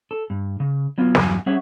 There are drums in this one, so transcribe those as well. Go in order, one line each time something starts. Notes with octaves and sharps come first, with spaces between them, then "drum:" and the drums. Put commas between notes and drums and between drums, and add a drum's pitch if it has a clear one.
A4
G2
C#3
F#3 B3 F4
E2 G2 F#3 G#5, drum: snare
G3 C#4 G#4 C#5 E5 F#5